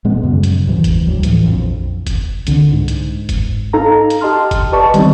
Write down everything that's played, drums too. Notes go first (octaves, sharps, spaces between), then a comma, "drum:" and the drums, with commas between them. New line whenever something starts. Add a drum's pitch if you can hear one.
A#2 G#3 B3
F#2 C#3 F#3 G3
drum: hi-hat
D#2 G#2 E3
drum: kick F#1, hi-hat
D2 F#3 G3
A2 E3 F3, drum: hi-hat
A#1 F2
drum: kick F#1, hi-hat
C2 D3, drum: hi-hat
G#2
drum: hi-hat
drum: kick F#1, hi-hat
D#4 A4 F5 A#5
drum: hi-hat
G4 D#5 A5 C6 F6
drum: kick F#1, hi-hat
G4 B4 D5 D#5 A5 C#6
D#3 G3 B3 C4 D#4, drum: hi-hat